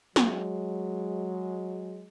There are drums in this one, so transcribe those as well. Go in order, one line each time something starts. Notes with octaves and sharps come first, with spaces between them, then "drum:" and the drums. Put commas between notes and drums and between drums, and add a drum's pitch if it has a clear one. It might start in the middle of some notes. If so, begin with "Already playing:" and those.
F#3 G#3, drum: snare